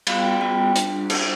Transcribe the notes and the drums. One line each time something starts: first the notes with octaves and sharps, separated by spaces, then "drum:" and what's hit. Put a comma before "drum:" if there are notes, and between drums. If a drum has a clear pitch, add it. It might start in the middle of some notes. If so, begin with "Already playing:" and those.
G3 B3 F4 F5, drum: cymbal
G5
G5
G3 B3 F4 G5
G3 D4 F4, drum: hi-hat
G3 D4 F4 A5, drum: cymbal